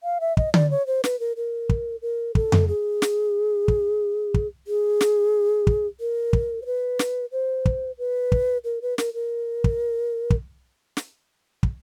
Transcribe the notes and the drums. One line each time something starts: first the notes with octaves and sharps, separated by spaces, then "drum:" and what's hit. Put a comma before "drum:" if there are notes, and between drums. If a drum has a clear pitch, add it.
F5
E5
D#5, drum: kick
D5, drum: tom D3
C#5
C5
B4, drum: snare
A#4
A#4
drum: kick
A#4
A4, drum: kick
drum: tom F2
G#4
drum: snare
drum: kick
drum: kick
G#4
drum: snare
drum: kick
A#4
drum: kick
C5
B4
drum: snare
C5
drum: kick
B4
drum: kick
A#4
B4
A#4, drum: snare
A#4
drum: kick
drum: kick
drum: snare
drum: kick